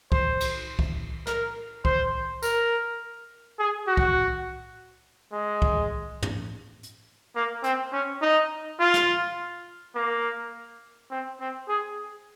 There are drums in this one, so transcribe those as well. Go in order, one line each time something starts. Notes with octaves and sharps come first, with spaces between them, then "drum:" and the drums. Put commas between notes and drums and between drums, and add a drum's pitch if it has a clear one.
C5, drum: kick C2
drum: cymbal
drum: kick C2
A#4, drum: snare
C5, drum: kick C2
A#4, drum: tambourine
G#4
F#4
drum: kick C2
G#3
drum: kick C2
drum: tom
drum: hi-hat
A#3
C4, drum: hi-hat
C#4
D#4
F4
drum: snare
A#3
C4
C4
G#4